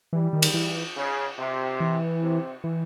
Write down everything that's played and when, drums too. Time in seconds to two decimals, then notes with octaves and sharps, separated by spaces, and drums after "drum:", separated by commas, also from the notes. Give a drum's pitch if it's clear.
0.13 E3 G3
0.33 D#3
0.42 drum: cymbal
0.54 E3
0.96 C#3
1.38 C3
1.80 E3
2.21 C3
2.64 E3